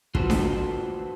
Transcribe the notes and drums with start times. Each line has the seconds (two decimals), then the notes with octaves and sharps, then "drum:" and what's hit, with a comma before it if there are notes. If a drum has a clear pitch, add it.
0.15 F4 F#4 A4 B4 C5, drum: kick
0.30 drum: snare D4